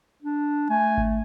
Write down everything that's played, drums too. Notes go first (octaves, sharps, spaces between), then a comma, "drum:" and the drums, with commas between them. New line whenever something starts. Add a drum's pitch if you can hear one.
D4
A3 G#5
drum: kick G#1